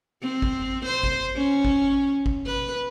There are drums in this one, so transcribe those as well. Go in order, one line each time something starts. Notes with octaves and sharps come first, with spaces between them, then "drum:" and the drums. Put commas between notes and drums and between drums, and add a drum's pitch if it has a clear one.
C4
drum: kick A1
C5
drum: kick A1
C#4
drum: kick A1
drum: kick A1
B4